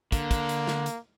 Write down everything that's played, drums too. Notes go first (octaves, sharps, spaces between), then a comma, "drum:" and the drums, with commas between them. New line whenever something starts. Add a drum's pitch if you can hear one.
D3 A#3, drum: kick, hi-hat
drum: kick, hi-hat
drum: hi-hat
drum: snare
drum: hi-hat